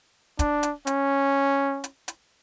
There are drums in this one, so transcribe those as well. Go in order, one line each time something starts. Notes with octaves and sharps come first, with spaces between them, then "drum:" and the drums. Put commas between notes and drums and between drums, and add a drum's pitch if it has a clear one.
D4, drum: kick, hi-hat
drum: hi-hat
C#4, drum: hi-hat
drum: hi-hat
drum: hi-hat